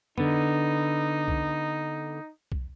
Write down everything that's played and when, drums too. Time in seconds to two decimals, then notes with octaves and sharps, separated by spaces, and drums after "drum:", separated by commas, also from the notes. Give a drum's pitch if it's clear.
0.18 D3 B3 D#4, drum: tom F2
1.28 drum: kick
2.52 drum: kick